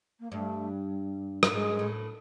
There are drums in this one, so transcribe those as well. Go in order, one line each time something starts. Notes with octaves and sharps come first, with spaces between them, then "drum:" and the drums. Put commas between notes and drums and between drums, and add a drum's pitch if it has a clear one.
A#3
G2 A3
G2, drum: rim click
G#2 G#3
A2